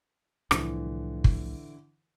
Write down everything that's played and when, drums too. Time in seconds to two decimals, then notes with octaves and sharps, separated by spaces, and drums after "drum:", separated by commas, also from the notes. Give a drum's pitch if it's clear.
0.51 C2 A2 D3 E3 F3, drum: rim click
1.24 drum: kick